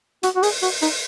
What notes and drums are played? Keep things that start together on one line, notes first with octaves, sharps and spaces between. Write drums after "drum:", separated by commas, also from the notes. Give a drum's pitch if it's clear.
F#4, drum: hi-hat
F#4
G#4, drum: open hi-hat
F#4, drum: open hi-hat
D#4, drum: open hi-hat